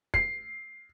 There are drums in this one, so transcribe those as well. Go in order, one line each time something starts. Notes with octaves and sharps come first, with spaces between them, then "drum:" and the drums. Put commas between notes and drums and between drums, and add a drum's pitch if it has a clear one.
C7, drum: kick